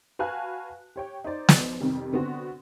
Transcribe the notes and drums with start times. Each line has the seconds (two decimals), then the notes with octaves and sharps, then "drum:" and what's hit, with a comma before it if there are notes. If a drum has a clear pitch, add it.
0.19 F#4 B4 F5 G#5 A5 F#6
0.96 G4 C#5 G5
1.24 D#4 C5 D5
1.49 drum: snare
1.80 F2 C3 D#3 G3
2.13 D3 B3 C4 F#4